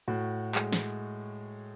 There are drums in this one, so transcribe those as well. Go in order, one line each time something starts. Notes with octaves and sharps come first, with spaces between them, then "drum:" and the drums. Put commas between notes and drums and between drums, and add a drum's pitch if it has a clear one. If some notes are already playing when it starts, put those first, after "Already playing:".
A2 F#4
G#3, drum: clap
drum: snare